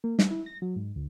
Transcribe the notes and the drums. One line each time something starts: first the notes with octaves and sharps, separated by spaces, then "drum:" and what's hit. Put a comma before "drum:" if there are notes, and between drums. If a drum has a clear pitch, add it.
A#3
G3, drum: snare
E4
A#6
F#3
G#2
D2